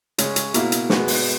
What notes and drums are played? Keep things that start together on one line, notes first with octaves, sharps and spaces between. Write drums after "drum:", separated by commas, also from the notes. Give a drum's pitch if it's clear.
C#3 G#3 C#4, drum: hi-hat
drum: hi-hat
B2 A#3 E4, drum: hi-hat
drum: hi-hat
B2 G#3 B3, drum: snare
drum: open hi-hat